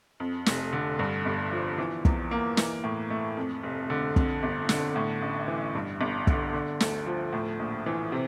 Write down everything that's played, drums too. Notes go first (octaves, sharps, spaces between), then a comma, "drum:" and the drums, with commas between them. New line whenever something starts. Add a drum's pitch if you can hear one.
F2
F1, drum: snare
D3
G2
G1
F3
E3
E2, drum: kick
A#3
E3, drum: snare
A2
A3
F2
F1
D3
F2, drum: kick
G1
D3, drum: snare
A2
A1
E3
G2
G1
D3, drum: kick
D3
D2, drum: snare
F3
A2
A#1
E3
C3